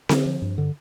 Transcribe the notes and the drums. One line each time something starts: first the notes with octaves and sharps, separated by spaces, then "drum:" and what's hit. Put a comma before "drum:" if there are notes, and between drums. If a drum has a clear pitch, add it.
D3, drum: snare C4
F3
G2
D3